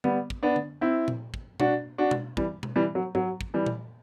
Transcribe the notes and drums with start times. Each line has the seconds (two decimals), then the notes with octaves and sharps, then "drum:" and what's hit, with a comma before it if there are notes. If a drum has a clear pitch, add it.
0.04 G3 B3, drum: tom D3
0.30 drum: kick
0.43 B3 D4
0.56 drum: tom D3
0.81 C4 E4
1.08 drum: tom A#2
1.34 drum: kick
1.60 D4 F#4, drum: tom B2
1.98 D4 F#4
2.11 drum: tom B2
2.37 E3 G3, drum: kick
2.63 drum: tom B2
2.76 E3 G3
2.95 F#3
3.15 F#3, drum: tom G#2
3.41 drum: kick
3.54 E3 G3
3.66 drum: tom A#2